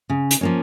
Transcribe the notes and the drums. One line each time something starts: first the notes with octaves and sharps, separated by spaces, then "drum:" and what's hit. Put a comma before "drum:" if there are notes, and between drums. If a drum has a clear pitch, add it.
C#3
drum: hi-hat
F3 A#3 C#4